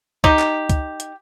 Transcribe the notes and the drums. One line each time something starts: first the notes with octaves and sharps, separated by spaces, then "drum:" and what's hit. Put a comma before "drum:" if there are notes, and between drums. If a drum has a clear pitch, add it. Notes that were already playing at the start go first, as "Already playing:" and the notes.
D#4 G4, drum: kick C#2
drum: clap
drum: kick C#2, hi-hat
drum: hi-hat